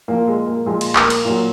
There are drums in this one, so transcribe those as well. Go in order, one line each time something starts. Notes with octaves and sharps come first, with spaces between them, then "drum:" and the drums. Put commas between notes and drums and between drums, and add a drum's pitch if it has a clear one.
A#2 F3 A#3
G#3
A#3
A#2 F3 G#3
drum: cymbal
A#3, drum: clap
drum: cymbal
A#2 F#3 A#3